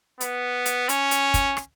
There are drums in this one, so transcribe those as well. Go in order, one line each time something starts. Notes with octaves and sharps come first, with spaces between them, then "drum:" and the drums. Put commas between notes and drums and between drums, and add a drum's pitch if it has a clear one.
B3, drum: hi-hat
drum: hi-hat
C#4, drum: hi-hat
drum: hi-hat
drum: kick, hi-hat
drum: rim click